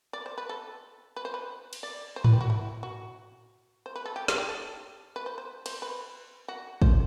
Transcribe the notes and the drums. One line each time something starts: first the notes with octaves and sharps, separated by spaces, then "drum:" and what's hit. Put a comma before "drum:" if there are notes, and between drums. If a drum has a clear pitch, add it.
D5
C5
B4
A4
B4
C5
B4
drum: cymbal
D5
C5
B4, drum: tom G#2
G4
F#4
E4
F#4
C5
B4
A4
G4
drum: snare
G4
A4
B4
C5
C5
C5, drum: cymbal
B4
F#4
C5, drum: kick